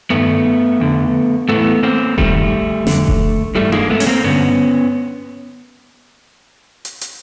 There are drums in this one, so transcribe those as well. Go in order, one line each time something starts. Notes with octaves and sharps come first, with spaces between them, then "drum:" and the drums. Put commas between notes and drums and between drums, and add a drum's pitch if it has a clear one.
G2 D#3 A3 B3
F2 D3
A2 E3 A3 B3
A#3 C4
G2 D#3 G3 A3, drum: kick E1
F2 D3, drum: snare
drum: kick E1
G2 E3 G3 A3
G#3 A#3, drum: tom D4
A3 B3
C#4, drum: open hi-hat
A#3 C4
G2 D3 B3 C#4
drum: hi-hat
drum: hi-hat